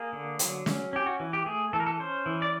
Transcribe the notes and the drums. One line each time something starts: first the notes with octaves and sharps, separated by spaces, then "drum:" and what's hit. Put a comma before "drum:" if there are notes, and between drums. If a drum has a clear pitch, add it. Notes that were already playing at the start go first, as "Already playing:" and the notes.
Already playing: A#3 G#4
D3
F#3, drum: hi-hat
C#4, drum: snare
C#4 G4
F#4
E3
G4
A3 G#4
E3 A4
A#4
A4
C#4 C5
E3
D5